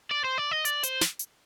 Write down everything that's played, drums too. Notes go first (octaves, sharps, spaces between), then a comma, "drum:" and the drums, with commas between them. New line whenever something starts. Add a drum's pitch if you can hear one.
D5
C5
D5
D#5
D5, drum: hi-hat
C5, drum: hi-hat
drum: snare
drum: hi-hat